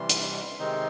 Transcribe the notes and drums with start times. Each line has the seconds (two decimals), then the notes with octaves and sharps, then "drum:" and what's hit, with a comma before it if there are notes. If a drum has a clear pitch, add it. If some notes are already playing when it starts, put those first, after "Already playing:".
Already playing: C3 E3 G3 C6
0.09 drum: hi-hat
0.59 C3 D#3 G#3 C4 D#4